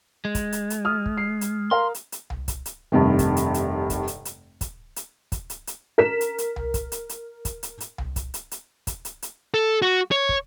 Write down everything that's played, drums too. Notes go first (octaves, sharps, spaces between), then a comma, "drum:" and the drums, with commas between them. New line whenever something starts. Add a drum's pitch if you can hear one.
G#3
drum: kick, hi-hat
drum: hi-hat
drum: hi-hat
D#6 F6
drum: kick
C7
drum: hi-hat
A#4 F5 C6
drum: hi-hat
drum: hi-hat
drum: tom C2
drum: kick, hi-hat
drum: hi-hat
F1 G2 C3 D#3
drum: kick, hi-hat
drum: hi-hat
drum: hi-hat
drum: kick, hi-hat
drum: hi-hat
drum: hi-hat
drum: kick, hi-hat
drum: hi-hat
drum: kick, hi-hat
drum: hi-hat
drum: hi-hat
A#4 B6 E7
drum: hi-hat
drum: hi-hat
drum: tom C2
drum: kick, hi-hat
drum: hi-hat
drum: hi-hat
drum: kick, hi-hat
drum: hi-hat
drum: hi-hat
drum: tom C2
drum: kick, hi-hat
drum: hi-hat
drum: hi-hat
drum: kick, hi-hat
drum: hi-hat
drum: hi-hat
A4
F#4
C#5
drum: kick